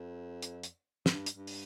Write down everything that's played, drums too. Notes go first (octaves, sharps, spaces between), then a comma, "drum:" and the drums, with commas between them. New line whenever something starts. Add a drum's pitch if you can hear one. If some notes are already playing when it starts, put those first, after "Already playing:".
Already playing: F2
drum: hi-hat
drum: hi-hat
G2, drum: snare
drum: hi-hat
G2
drum: open hi-hat